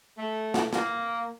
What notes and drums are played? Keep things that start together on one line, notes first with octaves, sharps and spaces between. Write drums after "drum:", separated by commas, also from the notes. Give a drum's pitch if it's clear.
A3
drum: snare
A#3, drum: snare